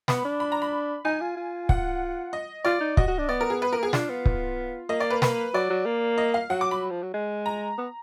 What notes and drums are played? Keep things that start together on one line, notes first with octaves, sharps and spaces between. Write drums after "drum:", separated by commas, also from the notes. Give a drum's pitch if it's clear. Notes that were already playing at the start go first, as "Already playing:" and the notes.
B3 B5, drum: snare
D4
B5
A#5
B5
D#4 G#5
F4
F4
F#5, drum: kick
D#5
F4 D5
D#4
F#4 D#5, drum: kick
F#4
D4
B3 D5
A#4
G#4
B4
A#4
A#3
B3 G#4
D4 F4, drum: snare
B3
drum: kick
A#3 D#5
D5
B4
B4, drum: snare
F#3 D5
F#3
A#3
D#5
F5
F#3 F#5
D6
B5
F3
F#3
G#3
A#5
B3